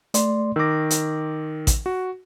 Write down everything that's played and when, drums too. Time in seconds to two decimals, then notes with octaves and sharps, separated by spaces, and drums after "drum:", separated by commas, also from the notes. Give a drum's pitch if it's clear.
0.14 A3 D5 C6, drum: hi-hat
0.56 D#3 D6 E6 A#6
0.90 drum: hi-hat
1.67 drum: kick A1, hi-hat
1.86 F#4